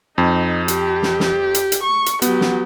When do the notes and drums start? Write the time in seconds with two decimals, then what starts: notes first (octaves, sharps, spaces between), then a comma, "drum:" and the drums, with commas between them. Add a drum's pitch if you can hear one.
0.18 F2 D#4
0.68 G4, drum: hi-hat
1.03 drum: snare
1.20 drum: snare
1.54 drum: hi-hat
1.72 drum: hi-hat
1.83 C#6
2.06 drum: hi-hat
2.22 F#3 B3 G4, drum: hi-hat
2.41 drum: snare